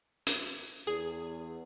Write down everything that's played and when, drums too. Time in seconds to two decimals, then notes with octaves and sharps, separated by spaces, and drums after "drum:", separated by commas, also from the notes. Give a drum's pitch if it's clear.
0.27 drum: hi-hat
0.87 E2 G#4